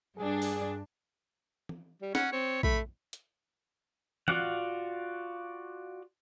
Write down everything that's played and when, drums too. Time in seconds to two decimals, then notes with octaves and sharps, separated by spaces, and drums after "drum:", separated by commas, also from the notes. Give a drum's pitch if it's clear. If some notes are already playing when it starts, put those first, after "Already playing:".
0.17 G2 D4 G#4
0.42 drum: open hi-hat
1.69 drum: tom
2.02 G3
2.15 C#4 F#5, drum: snare C4
2.32 C4 C#5
2.63 A3 B5, drum: kick A#1
3.13 drum: hi-hat
4.28 F4 F#4 D5 F5 F#5, drum: tom E3